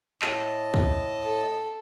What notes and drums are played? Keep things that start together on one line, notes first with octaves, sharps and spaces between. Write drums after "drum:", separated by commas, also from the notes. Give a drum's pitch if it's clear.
A2 D#5 A5, drum: clap
drum: kick
A4